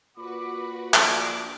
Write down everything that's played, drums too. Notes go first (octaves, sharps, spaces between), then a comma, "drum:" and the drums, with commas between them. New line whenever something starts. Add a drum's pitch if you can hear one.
A#2 F#4 B4 B5 D6
A#1 A#4 D5 E5 D6, drum: clap